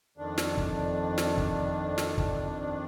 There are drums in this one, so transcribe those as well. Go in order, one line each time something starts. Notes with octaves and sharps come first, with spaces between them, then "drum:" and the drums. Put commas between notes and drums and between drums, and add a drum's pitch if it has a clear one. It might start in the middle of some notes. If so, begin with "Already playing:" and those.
F2 D#3 D4
drum: snare
drum: kick
drum: snare
drum: kick
drum: snare
drum: kick